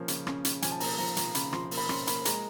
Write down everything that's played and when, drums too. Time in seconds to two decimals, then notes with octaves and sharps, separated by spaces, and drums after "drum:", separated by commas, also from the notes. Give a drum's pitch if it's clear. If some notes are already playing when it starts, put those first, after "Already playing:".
Already playing: F3 A#3 C#4
0.08 C#3, drum: hi-hat
0.27 C#4, drum: rim click
0.45 C#3, drum: hi-hat
0.62 F3 G#5, drum: hi-hat
0.72 A5
0.80 A#3 A#5, drum: open hi-hat
0.98 F3 A#5
1.17 F3 A#5, drum: hi-hat
1.35 C#3 B5, drum: hi-hat
1.53 F3 C6, drum: rim click
1.71 A#3, drum: open hi-hat
1.78 B5
1.89 C#4 C6, drum: rim click
2.07 A#3 B5, drum: hi-hat
2.25 G#3 A#5, drum: hi-hat